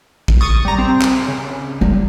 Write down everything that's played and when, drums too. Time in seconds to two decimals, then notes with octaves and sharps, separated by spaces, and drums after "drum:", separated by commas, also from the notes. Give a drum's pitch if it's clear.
0.28 drum: kick A1
0.41 C#6 D#6 A6
0.65 G3 A#5
0.78 C4
1.02 drum: clap
1.28 C#3
1.81 G3